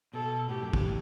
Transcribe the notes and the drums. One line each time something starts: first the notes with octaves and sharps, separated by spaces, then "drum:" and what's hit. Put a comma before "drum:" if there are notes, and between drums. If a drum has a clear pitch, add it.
B2 A4
A2 G4
F#2
G2, drum: kick
A2